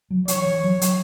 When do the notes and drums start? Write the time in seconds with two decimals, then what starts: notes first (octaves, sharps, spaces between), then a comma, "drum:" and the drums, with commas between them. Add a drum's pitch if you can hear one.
0.10 F#3
0.28 E3 C#5, drum: hi-hat
0.46 E3
0.63 F#3
0.81 F#3, drum: hi-hat